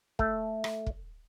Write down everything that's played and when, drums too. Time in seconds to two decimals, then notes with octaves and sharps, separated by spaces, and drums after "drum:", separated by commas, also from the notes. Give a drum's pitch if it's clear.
0.19 A3, drum: kick
0.64 drum: rim click
0.86 drum: kick